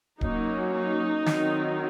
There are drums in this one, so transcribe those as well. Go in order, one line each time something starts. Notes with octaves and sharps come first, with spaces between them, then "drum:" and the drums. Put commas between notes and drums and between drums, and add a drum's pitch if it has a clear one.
F#3 A#3 C#4 D#4, drum: kick D1
D#4
D#3 F#3 C4, drum: snare